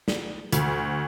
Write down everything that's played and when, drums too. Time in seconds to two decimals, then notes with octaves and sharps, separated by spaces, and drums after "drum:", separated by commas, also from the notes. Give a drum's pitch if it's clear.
0.08 drum: snare
0.53 D2, drum: hi-hat